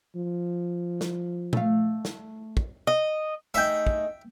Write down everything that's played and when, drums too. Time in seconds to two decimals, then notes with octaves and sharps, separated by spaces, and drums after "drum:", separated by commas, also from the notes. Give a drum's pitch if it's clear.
0.16 F3
1.01 drum: snare
1.53 A3 F5, drum: tom A#2
2.05 drum: snare
2.57 drum: kick
2.87 D#5
3.54 A3 D#4 G#4 E5 G5
3.87 drum: kick